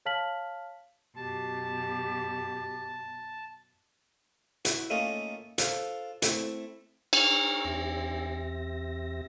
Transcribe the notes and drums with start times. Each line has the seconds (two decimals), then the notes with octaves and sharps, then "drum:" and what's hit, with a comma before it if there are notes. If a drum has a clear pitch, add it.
0.06 C#5 F5 A5 F6 B6 F#7
1.16 F#2 B2 G4 A5
4.65 E4 F#4, drum: hi-hat
4.90 A3 A#3 C#4 D#4 F4
5.58 D4 F4 A4 C5 F5, drum: hi-hat
6.22 A3 C4 E4, drum: hi-hat
7.13 A#5 C#6 E6 F6, drum: cymbal
7.65 E2 C4 G4 E5 A#6